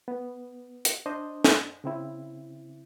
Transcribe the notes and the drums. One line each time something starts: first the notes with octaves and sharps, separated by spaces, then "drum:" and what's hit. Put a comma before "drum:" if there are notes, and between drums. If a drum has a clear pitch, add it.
B3
drum: hi-hat
D4 C5 D#5
drum: snare
C#3 C4 E4